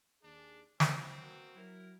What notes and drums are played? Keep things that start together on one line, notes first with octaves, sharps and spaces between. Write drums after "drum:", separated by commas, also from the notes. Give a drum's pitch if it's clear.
D#2 D4 G#4
D#2 E3 F#3 C4, drum: snare
A#3 B3 F#4
F#3 E4 A#4